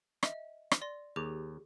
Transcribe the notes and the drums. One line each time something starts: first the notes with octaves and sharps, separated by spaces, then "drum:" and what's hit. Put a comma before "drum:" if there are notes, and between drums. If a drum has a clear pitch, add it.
D#5 E5, drum: rim click
drum: rim click
D5 C6 A#6
D#2 G4 G#4 D6